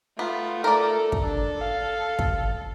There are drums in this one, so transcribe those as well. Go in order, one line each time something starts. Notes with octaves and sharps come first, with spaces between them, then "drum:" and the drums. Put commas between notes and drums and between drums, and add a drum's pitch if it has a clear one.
A3 B3 F4
A4 A#4 D5
drum: kick
D4 A4
F5
drum: kick